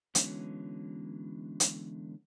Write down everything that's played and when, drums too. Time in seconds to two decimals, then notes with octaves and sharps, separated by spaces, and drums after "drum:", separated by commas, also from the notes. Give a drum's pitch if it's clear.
0.15 D3 E3 F#3 G#3 B3 C#4, drum: hi-hat
1.60 drum: hi-hat